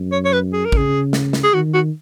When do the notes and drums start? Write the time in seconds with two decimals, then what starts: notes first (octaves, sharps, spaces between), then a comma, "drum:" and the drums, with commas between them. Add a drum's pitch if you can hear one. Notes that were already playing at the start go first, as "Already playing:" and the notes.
Already playing: F#2
0.12 C#5
0.25 C#5
0.33 B4
0.52 G#4
0.65 A#4
0.72 C#3 G#4, drum: kick
1.13 drum: snare
1.33 drum: snare
1.43 G#4
1.54 D#3 F#4
1.74 F#4